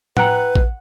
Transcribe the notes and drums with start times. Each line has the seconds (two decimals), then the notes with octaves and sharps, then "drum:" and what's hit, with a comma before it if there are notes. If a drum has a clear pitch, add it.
0.17 E4 B4 F#5 G5 A#5, drum: tom A2
0.55 drum: kick A1